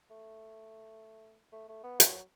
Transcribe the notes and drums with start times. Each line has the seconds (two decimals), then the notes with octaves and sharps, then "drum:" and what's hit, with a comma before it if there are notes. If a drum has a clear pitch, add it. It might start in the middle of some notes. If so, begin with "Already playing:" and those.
0.10 A3
1.53 A3
1.69 A3
1.84 B3
2.00 F#3, drum: hi-hat